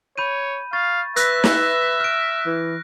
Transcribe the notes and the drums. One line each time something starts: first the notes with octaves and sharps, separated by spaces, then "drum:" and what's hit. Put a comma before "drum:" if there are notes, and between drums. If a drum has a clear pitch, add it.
C#5 B5 G6 D#7
F5 C#6 A6
B4 E5 E6 F#6 A#6 B6, drum: hi-hat
drum: snare
F6 D7
E3